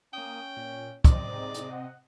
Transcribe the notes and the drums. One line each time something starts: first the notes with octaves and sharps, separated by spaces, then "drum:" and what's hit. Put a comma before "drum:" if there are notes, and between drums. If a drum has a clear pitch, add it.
A#3 C#4 G5 D#6
A#2
C3 C4 D5 D#5, drum: kick, hi-hat
G#2
drum: hi-hat
F#5